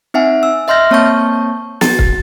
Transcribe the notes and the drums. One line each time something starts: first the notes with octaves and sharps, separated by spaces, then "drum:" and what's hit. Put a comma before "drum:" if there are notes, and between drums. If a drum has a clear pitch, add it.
C4 D#4 E5 F#5 G#5
E6
D#5 E5 C6 F6 G6 A#6
A#3 C4 C#5 A5 C#6 G6
F#4 A6, drum: snare
drum: kick